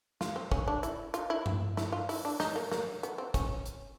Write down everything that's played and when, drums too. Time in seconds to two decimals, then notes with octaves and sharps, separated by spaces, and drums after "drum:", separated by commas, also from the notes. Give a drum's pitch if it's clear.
0.21 F4, drum: snare
0.36 C4
0.52 C#4, drum: kick
0.68 D4
0.83 E4, drum: hi-hat
1.14 F4, drum: hi-hat
1.30 E4
1.46 drum: tom G2
1.77 E4, drum: snare
1.92 F4
2.09 E4, drum: open hi-hat
2.25 D4
2.40 D#4, drum: snare
2.56 A#3
2.72 A#3, drum: snare
3.03 B3, drum: hi-hat
3.18 C4
3.34 C#4, drum: kick, hi-hat
3.66 drum: hi-hat